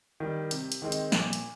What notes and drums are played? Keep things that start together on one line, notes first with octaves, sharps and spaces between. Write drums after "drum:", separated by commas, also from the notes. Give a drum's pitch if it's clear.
D#3 G3
C3, drum: hi-hat
drum: hi-hat
D#3 G#3 C4 D#4
drum: hi-hat
A#2, drum: snare
drum: hi-hat